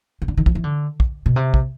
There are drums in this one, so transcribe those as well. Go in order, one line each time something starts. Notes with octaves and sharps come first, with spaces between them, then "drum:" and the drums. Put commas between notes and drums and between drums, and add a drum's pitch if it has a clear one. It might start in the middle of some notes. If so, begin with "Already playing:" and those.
C#3
D3
D#3
F3, drum: kick
E3
D3
drum: kick
B2
C3
drum: kick